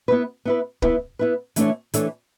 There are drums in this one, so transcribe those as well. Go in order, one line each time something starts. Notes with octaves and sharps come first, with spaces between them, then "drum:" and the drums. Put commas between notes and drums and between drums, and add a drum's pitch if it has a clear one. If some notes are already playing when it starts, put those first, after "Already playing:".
B3 E4 B4
B3 E4 B4
B3 E4 B4, drum: kick
B3 E4 B4
E3 A3 D4 A4 C#5, drum: hi-hat
E3 A3 D4 A4 C#5, drum: hi-hat